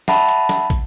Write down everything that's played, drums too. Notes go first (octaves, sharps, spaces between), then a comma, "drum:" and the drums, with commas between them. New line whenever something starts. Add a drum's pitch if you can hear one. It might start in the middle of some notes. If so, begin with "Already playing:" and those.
E5 F#5 A5 B5, drum: snare
drum: hi-hat
drum: snare
drum: kick, hi-hat